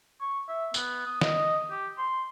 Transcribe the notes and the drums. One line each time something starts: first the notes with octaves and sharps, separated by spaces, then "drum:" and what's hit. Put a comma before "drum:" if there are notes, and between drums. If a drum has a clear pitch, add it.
C#6
E5
B3, drum: tambourine
D#6
D#5, drum: snare
G4
C6